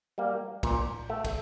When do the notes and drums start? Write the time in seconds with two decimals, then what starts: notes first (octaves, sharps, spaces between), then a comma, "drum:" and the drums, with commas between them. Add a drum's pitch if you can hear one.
0.18 G3 A#3
0.63 A#2, drum: kick, cymbal
1.10 A3
1.25 drum: kick, cymbal